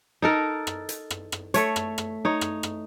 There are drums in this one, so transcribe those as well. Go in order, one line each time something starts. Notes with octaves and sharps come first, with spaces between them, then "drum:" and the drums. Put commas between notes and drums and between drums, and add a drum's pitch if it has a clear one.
D#4 A4 A#4
drum: rim click
drum: hi-hat
drum: rim click
drum: rim click
A3 C#5, drum: hi-hat
drum: rim click
drum: rim click
D#4 C#5
drum: rim click
drum: rim click